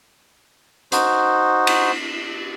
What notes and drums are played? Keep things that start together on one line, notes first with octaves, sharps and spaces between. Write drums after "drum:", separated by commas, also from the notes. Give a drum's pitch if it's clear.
D#4 F#4 C5, drum: hi-hat
drum: cymbal